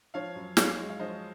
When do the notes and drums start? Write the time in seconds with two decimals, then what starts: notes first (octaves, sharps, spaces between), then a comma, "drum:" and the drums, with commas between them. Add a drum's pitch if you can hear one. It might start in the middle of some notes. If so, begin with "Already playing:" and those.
0.14 F3 C#5 F5
0.36 F#2
0.57 F#2 C#5 F5, drum: snare
0.78 G#3
0.89 F5
1.00 F3 C5 D#5